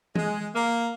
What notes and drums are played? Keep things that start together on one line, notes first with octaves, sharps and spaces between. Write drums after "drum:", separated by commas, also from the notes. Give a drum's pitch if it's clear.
G#3, drum: tom E3
A#3